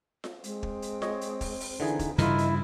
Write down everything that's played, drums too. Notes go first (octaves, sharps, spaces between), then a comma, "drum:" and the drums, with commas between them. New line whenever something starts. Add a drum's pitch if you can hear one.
drum: snare F4
G#3 C4, drum: hi-hat
drum: kick
drum: hi-hat
C#5 D#5, drum: snare F4
drum: hi-hat
drum: kick, open hi-hat
drum: open hi-hat
D3 E3 D#4 G#4
drum: kick, hi-hat
G2 C#3 E3 E4 F4 A#4 D#5, drum: hi-hat
drum: hi-hat